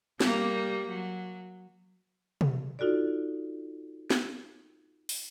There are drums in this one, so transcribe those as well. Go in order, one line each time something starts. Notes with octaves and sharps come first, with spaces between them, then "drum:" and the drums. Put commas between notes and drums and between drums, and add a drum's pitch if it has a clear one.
G3 A#3, drum: snare
F#3
drum: tom
D#4 F4 F#4 A4 D5
drum: snare
drum: open hi-hat